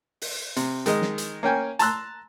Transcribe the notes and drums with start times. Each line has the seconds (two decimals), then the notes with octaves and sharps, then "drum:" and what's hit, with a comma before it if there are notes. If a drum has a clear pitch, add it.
0.22 drum: open hi-hat
0.56 C3, drum: hi-hat
0.86 D#3 G#3 D#5, drum: hi-hat
1.02 drum: snare
1.18 drum: hi-hat
1.43 A#3 C#4 G5 G#5
1.79 A5 A#5 C6 E6 F#6, drum: hi-hat